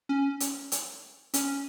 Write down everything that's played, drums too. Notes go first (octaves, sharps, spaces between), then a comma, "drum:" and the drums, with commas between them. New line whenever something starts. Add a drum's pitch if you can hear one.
C#4
drum: hi-hat
drum: hi-hat
C#4, drum: hi-hat